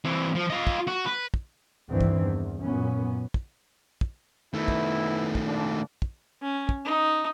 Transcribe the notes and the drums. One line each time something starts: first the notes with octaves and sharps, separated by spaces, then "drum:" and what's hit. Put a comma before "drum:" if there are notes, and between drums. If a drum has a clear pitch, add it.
E3 C4
F3
F4 D#5
drum: kick
F#4
B4
drum: kick
D2 G2 D#3 E3 C4
drum: kick
E2
F#2 A#2 B3 C#4
drum: kick
drum: kick
D#3 A3 B3 E4
drum: kick
drum: kick
A#1 D4
drum: kick
C#4
drum: kick
D#4